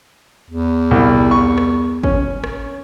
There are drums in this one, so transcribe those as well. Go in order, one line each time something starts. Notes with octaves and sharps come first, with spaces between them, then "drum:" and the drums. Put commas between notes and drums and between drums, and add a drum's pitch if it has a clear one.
E2
C2
C#6
drum: rim click
C#4, drum: kick
drum: rim click